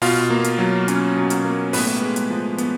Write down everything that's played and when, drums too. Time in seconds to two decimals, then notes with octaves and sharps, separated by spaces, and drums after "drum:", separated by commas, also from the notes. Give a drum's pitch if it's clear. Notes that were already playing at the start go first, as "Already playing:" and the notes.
0.02 B2 F4 F5, drum: open hi-hat
0.30 A#3
0.44 drum: hi-hat
0.58 F#3
0.88 C#4, drum: hi-hat
1.17 B2
1.30 drum: hi-hat
1.44 A#3
1.73 A2 B3 B4, drum: open hi-hat
2.02 G#3
2.16 drum: hi-hat
2.30 F3
2.58 B3, drum: hi-hat